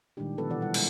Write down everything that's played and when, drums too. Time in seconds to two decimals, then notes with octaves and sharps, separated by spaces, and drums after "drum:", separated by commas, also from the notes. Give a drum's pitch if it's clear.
0.17 A#2 D#3 G3 G#3 D4 G4
0.37 D3 F3 B3 A4 B4
0.50 B2 E3 D5 F#5
0.61 G3 F4 F#5
0.74 G#3, drum: cymbal